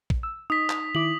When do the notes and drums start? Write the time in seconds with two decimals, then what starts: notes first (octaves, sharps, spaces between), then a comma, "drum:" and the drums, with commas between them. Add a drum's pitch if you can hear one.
0.10 drum: kick
0.23 E6
0.50 D#4 D#6 B6
0.70 drum: clap
0.95 D#3 E4 D6 F#7